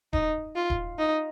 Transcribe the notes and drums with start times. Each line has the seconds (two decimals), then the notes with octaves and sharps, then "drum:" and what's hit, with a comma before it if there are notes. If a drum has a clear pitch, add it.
0.13 D#4, drum: kick D#1
0.56 F4
0.70 drum: kick D#1
0.99 D#4